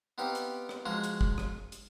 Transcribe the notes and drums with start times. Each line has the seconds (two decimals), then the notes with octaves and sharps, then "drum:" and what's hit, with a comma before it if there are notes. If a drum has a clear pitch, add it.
0.18 B3 C4 D#4 G4 F5 G5
0.35 drum: hi-hat
0.69 drum: rim click
0.86 F3 G#3 F4 F#4 A#5
1.04 drum: hi-hat
1.21 drum: kick
1.38 drum: rim click
1.72 drum: hi-hat